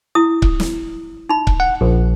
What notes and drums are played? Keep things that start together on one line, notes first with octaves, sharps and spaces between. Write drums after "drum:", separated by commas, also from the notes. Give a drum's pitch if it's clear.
E4 D#6
drum: kick C#1
drum: snare
D#4 B5
drum: kick C#1
F#5
A#1